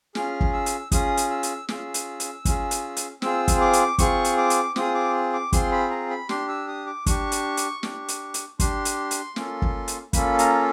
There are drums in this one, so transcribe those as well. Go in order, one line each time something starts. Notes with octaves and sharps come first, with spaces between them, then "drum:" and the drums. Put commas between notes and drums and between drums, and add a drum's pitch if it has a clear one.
C#4 F4 G#4 F6, drum: snare
drum: kick
E6
drum: hi-hat
C#4 F4 G#4 D#6, drum: kick, hi-hat
drum: hi-hat
E6
drum: hi-hat
C#4 F4 G#4 E6, drum: snare
drum: hi-hat
drum: hi-hat
C#4 F4 G#4, drum: kick, hi-hat
drum: hi-hat
drum: hi-hat
C4 F4 G#4 E6, drum: snare
drum: kick, hi-hat
D6
drum: hi-hat
C4 F4 G#4 C#6, drum: kick, hi-hat
drum: hi-hat
D6
drum: hi-hat
C4 F4 G#4 D#6, drum: snare
D6
D6
C4 F4 G#4 C6, drum: kick, hi-hat
B5
A#5
B5
D4 G4 C6, drum: snare
E6
D#6
D6
D4 G4 C#6, drum: kick, hi-hat
drum: hi-hat
drum: hi-hat
D4 G4, drum: snare
drum: hi-hat
drum: hi-hat
D4 G4 C6, drum: kick, hi-hat
drum: hi-hat
drum: hi-hat
A#3 C#4 F4 A4, drum: snare
drum: kick
drum: hi-hat
A#3 C#4 F4 A4 B5, drum: kick, hi-hat
A#5, drum: hi-hat